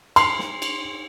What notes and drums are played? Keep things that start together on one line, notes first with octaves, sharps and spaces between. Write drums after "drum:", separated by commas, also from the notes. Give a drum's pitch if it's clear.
C6, drum: cymbal
drum: snare
drum: cymbal